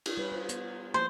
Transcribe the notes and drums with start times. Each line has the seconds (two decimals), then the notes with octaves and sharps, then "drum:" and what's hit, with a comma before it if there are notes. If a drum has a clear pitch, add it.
0.06 drum: cymbal
0.17 G3 B4 C#5
0.32 F4 C5
0.49 B3, drum: hi-hat
0.94 F3 A#3 E4 C5